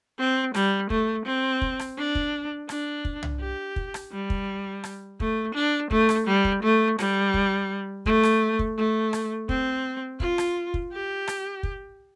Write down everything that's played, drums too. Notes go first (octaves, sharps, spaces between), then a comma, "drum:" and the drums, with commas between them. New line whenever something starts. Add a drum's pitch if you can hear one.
C4
G3, drum: rim click
A3, drum: kick
C4
drum: kick
drum: rim click
D4
drum: kick
D4, drum: rim click
drum: kick
drum: tom
G4
drum: kick
drum: rim click
G3
drum: kick
drum: rim click
A3, drum: kick
D4
A3, drum: kick
drum: rim click
G3
drum: kick
A3
G3, drum: rim click
drum: kick
A3, drum: kick
drum: rim click
drum: kick
A3
drum: rim click
C4, drum: kick
F4, drum: kick
drum: rim click
drum: kick
G4
drum: rim click
drum: kick